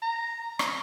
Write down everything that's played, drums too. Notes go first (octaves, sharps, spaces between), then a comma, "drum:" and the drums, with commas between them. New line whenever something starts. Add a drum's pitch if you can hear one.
A#5
drum: rim click